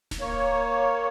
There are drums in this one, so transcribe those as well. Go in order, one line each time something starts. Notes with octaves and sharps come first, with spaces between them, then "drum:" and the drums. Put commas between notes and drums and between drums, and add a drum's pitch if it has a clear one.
drum: snare D1
A#3 C#5